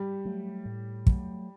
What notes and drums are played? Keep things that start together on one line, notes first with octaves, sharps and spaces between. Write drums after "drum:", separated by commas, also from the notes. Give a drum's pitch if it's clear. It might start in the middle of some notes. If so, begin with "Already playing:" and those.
Already playing: G3 G4
F#3 A3
A2
F#3 A3, drum: kick